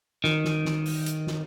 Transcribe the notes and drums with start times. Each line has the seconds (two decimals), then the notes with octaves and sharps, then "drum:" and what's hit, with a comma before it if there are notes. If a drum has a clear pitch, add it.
0.24 D#3, drum: snare
0.44 drum: snare
0.65 drum: snare
0.86 drum: open hi-hat
1.06 drum: hi-hat
1.27 drum: snare